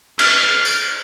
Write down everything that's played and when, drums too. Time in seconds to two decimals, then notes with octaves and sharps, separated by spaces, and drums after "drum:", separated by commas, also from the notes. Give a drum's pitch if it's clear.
0.19 F6, drum: cymbal
0.65 drum: tambourine